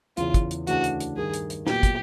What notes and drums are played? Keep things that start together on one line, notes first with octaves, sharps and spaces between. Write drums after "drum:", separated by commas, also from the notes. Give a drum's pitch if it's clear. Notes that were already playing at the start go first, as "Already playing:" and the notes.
E2 C#3 E3 F4, drum: hi-hat
drum: kick, hi-hat
drum: hi-hat
D2 C#3 E3 A3 D4 F#4, drum: hi-hat
drum: hi-hat
drum: hi-hat
G2 D#3 G3 G#4
drum: hi-hat
drum: hi-hat
A#2 F#3 B3 G4, drum: snare
drum: kick, hi-hat